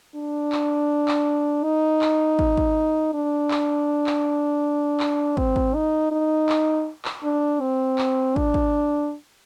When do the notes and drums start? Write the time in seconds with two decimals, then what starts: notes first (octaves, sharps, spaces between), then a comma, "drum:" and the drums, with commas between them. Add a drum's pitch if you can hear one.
0.15 D4
0.52 drum: clap
1.08 drum: clap
1.64 D#4
2.01 drum: clap
2.39 drum: kick
2.57 drum: kick
3.14 D4
3.51 drum: clap
4.07 drum: clap
5.00 drum: clap
5.37 C4, drum: kick
5.56 drum: kick
5.75 D#4
6.11 D#4
6.49 drum: clap
7.05 drum: clap
7.23 D4
7.61 C4
7.98 drum: clap
8.36 D4, drum: kick
8.54 drum: kick